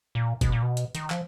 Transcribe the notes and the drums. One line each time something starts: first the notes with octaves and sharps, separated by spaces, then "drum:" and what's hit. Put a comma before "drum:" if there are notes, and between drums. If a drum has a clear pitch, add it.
A#2
B2, drum: kick, hi-hat
A#2
B2
drum: hi-hat
D#3, drum: hi-hat
F3, drum: clap